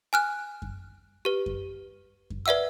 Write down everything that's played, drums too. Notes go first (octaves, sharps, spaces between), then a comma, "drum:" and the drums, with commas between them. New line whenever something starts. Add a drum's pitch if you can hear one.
G#5 F6 F#6
drum: kick F#2
G4 B4
drum: kick F#2
drum: kick F#2
B4 D5 E5 F#5 E6